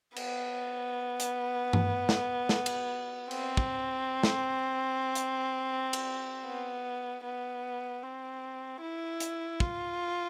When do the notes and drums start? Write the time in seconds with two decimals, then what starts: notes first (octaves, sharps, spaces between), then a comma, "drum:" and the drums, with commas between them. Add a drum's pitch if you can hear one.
0.16 B3, drum: cymbal
1.20 drum: hi-hat
1.73 drum: tom G2
2.09 drum: snare
2.49 drum: snare
2.66 drum: cymbal
3.31 C4, drum: cymbal
3.57 drum: kick
4.23 drum: snare
5.15 drum: hi-hat
5.93 drum: cymbal
6.46 B3
7.24 B3
8.03 C4
8.82 E4
9.20 drum: hi-hat
9.60 F4, drum: kick